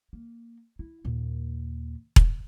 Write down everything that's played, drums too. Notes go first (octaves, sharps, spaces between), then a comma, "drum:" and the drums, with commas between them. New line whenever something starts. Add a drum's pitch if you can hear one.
A#3
E4
D#2 A#2
drum: kick E1